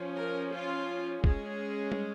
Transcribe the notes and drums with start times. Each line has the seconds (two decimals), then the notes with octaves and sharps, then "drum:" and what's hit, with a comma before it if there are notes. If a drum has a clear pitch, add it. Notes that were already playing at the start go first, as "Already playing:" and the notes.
Already playing: F3 C#4
0.17 A#4
0.53 F4
1.24 G#3 C#4 G#4, drum: kick F1
1.92 drum: tom